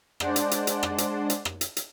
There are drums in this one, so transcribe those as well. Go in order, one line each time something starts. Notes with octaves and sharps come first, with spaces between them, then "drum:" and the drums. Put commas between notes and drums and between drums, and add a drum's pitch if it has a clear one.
G#3 D4 C5 D5 F#5, drum: rim click
drum: hi-hat
drum: hi-hat
drum: hi-hat
drum: rim click
drum: hi-hat
drum: hi-hat
drum: rim click
drum: hi-hat
drum: hi-hat